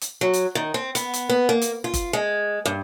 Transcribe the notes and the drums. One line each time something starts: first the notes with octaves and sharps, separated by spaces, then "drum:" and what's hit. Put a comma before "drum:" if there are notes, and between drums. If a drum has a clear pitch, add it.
drum: hi-hat
F#3
drum: hi-hat
D#3
C4
B3, drum: hi-hat
drum: hi-hat
B3
A#3
drum: hi-hat
F4
drum: kick, hi-hat
G#3
G2